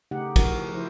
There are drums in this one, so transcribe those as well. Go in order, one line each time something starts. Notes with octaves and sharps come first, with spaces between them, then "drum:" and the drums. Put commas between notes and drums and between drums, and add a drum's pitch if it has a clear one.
C#3 A3 D#4 G4 F#5
E3 F3 F#4 A#4, drum: kick, cymbal
F3 E4 C5